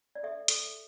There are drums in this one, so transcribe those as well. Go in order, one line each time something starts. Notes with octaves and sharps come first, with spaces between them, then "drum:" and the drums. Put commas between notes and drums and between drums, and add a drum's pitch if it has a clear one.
D5
A4 E5
A4, drum: hi-hat